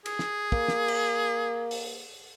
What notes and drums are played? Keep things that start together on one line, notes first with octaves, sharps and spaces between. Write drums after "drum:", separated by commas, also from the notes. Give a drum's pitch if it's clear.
G#4, drum: cymbal
drum: snare
A#3, drum: kick
drum: snare
drum: cymbal
drum: open hi-hat